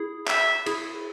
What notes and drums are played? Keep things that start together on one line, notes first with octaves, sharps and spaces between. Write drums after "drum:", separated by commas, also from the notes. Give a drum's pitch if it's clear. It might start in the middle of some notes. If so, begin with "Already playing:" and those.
Already playing: E4 G#4
E5, drum: clap
E4 G#4, drum: cymbal